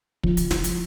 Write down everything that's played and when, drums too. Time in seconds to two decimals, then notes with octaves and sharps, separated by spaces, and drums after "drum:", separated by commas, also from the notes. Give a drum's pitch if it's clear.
0.23 F3, drum: kick
0.37 drum: hi-hat
0.51 drum: snare
0.64 drum: hi-hat